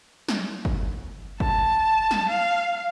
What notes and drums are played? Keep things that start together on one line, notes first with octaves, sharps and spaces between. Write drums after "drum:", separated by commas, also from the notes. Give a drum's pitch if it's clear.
drum: snare
drum: kick
A5, drum: kick
drum: snare
F5